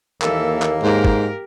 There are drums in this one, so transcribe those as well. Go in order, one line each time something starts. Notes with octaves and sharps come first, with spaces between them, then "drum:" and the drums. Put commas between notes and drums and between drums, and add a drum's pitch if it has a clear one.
D#2 E3 A#3 A4, drum: clap
drum: clap
G#2 G4 A#4
drum: kick